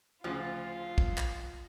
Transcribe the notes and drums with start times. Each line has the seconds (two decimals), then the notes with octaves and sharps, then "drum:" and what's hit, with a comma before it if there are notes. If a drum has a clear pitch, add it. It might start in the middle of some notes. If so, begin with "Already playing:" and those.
0.24 D2 C#3 F3 F4
0.98 drum: kick
1.18 drum: clap